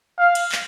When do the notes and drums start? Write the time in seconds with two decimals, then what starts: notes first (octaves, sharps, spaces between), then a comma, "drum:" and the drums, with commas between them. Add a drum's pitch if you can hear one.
0.19 F5
0.35 drum: cymbal
0.52 drum: clap